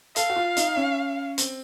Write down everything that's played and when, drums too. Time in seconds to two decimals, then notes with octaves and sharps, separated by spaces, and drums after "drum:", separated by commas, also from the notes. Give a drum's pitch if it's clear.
0.16 A4 F5, drum: hi-hat
0.30 F#4
0.36 F4
0.57 D#4, drum: hi-hat
0.76 C#4
1.38 C4, drum: hi-hat